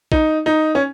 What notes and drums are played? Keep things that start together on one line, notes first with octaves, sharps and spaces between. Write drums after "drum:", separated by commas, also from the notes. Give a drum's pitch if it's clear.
D#4, drum: kick A#1
D#4
C#4